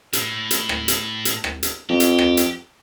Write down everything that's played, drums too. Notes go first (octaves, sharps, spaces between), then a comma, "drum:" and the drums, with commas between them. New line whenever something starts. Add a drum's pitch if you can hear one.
A2, drum: hi-hat
drum: hi-hat
drum: rim click
drum: hi-hat
drum: hi-hat
drum: rim click
drum: hi-hat
F2 G4
drum: hi-hat
drum: rim click
drum: hi-hat